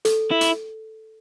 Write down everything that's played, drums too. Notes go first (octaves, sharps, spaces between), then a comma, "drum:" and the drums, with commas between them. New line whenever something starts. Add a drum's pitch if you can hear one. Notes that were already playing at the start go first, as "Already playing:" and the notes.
A4, drum: hi-hat
E4
drum: hi-hat